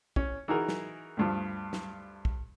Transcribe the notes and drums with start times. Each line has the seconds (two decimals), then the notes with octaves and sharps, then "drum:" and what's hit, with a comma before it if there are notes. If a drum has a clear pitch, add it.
0.16 C#4, drum: kick
0.48 E3 D#4 F#4 G#4 A#4
0.68 drum: snare
1.17 D2 G2 F3
1.73 drum: snare
2.25 drum: kick